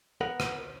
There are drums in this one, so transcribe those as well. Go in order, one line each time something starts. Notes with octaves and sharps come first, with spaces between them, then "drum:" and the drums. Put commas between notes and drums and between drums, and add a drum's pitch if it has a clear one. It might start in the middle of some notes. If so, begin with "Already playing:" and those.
B3 A#4 F#5
drum: rim click